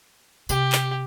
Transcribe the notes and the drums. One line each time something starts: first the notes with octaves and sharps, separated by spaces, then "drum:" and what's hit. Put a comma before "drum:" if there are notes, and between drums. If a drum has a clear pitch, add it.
C3 G4, drum: tambourine
drum: clap